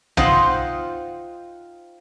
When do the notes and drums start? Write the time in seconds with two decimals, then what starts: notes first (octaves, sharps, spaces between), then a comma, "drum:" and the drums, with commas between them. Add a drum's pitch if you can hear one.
0.17 C4 D#4 F4 C5 F#5, drum: tom